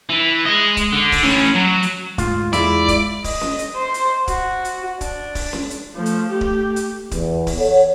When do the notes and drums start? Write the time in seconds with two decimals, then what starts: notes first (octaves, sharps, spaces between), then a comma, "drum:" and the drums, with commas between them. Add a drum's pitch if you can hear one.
0.09 E3
0.45 G#4 D#5
0.77 drum: kick D1, hi-hat
0.93 D3
1.12 drum: kick D1, open hi-hat
1.24 A2 C#4
1.55 F#3
1.83 drum: hi-hat
2.18 D2 G#2 F4, drum: kick D1, hi-hat
2.53 E2 G#3 E4 D5, drum: hi-hat
2.88 drum: kick D1, hi-hat
3.24 D#5, drum: kick D1, open hi-hat
3.41 drum: snare C#4
3.59 drum: hi-hat
3.76 C5
3.94 drum: hi-hat
4.28 F#4, drum: kick D1, hi-hat
4.65 drum: hi-hat
5.01 D4, drum: kick D1, hi-hat
5.35 drum: kick D1, open hi-hat
5.53 drum: snare C#4
5.70 drum: hi-hat
5.96 F3 A3
6.06 drum: hi-hat
6.30 A3 G4
6.41 drum: kick D1
6.76 drum: hi-hat
7.11 E2, drum: kick D1, hi-hat
7.47 drum: kick D1, open hi-hat
7.58 A4 C#5 F#5